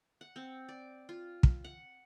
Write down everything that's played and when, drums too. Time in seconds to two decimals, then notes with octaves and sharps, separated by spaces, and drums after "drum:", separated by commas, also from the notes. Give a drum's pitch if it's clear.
0.21 F#5
0.36 C4
0.69 D5
1.09 F4
1.43 drum: kick
1.64 F#5